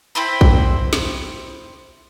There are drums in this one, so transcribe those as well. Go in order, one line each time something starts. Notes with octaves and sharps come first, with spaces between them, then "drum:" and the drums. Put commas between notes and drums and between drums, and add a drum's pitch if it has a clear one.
C4 E4 C5 B5
drum: kick A#1
drum: snare